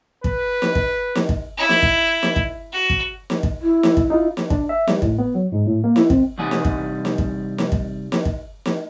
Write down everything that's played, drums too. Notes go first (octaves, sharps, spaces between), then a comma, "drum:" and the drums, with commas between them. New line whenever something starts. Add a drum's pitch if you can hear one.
B4, drum: kick
drum: snare
drum: kick
drum: snare
drum: kick
E4
drum: snare
drum: kick
drum: snare
drum: kick
F#4
drum: kick
drum: snare
drum: kick
E4
drum: snare
drum: kick
D#4 F4
drum: snare
D4, drum: kick
E5
G3, drum: snare
A2, drum: kick
B3
F#3
G#2
A2
A#3
E4, drum: snare
C4, drum: kick
C2 E3 G3 D#4 F#5 G#5
drum: snare
drum: kick
drum: snare
drum: kick
drum: snare
drum: kick
drum: snare
drum: kick
drum: snare